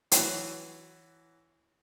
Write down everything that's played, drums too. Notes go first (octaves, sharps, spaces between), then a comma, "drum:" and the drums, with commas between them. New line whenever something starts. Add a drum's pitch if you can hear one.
E3 F#3, drum: hi-hat